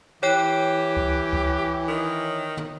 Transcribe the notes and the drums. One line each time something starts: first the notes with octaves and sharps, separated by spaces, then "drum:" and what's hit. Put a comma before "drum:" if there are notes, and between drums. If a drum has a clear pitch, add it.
E3 G4 C#5 G5 F#6
drum: kick C#2
drum: kick C#2
D#3
drum: tom